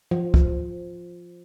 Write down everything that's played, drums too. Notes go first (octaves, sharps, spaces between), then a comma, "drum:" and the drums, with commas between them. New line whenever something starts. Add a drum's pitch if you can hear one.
F3
drum: kick